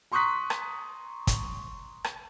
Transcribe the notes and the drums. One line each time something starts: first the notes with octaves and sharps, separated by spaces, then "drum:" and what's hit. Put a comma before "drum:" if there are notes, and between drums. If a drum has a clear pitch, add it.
A#5 C6 C#6 D#6 F#6 B6
drum: rim click
drum: kick, hi-hat
drum: rim click